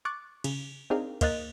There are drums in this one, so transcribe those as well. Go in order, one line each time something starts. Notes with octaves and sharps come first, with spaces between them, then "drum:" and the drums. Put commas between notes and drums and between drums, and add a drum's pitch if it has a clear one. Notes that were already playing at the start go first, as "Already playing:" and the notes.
C#6 D6 F#6 A6
C#3, drum: cymbal
C4 D4 D#4 G#4 A#4 F5
A#3 C5 D#5 F#6 A6, drum: kick, cymbal